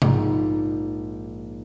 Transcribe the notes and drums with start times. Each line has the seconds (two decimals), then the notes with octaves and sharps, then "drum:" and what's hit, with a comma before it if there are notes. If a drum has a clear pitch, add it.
0.02 A#1 G#2, drum: tom C3